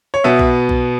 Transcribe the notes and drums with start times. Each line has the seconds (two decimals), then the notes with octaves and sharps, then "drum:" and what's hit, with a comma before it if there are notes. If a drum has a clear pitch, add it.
0.14 C#5
0.24 B2 B3 E5
0.39 drum: kick B1
0.69 drum: kick B1